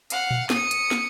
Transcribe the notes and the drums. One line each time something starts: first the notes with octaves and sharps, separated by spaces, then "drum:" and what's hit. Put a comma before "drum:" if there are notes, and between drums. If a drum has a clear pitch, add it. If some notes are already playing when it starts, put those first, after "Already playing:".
F5 F#5, drum: hi-hat
drum: tom A#2
D#6 C#7, drum: snare
drum: hi-hat
drum: snare